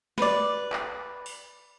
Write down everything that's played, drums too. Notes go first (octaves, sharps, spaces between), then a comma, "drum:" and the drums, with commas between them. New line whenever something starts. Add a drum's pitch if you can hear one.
B4 D5, drum: snare
drum: clap
drum: open hi-hat